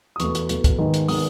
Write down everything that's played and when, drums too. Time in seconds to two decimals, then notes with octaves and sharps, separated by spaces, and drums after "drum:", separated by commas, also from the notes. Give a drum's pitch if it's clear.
0.16 D#6
0.20 E2 B2 A3 C#6, drum: hi-hat
0.35 drum: hi-hat
0.49 E2 B2 A3, drum: hi-hat
0.64 drum: kick, hi-hat
0.78 G#2 D#3 G#3 B3
0.94 drum: hi-hat
1.08 D#3 G#3 B3 D#6, drum: open hi-hat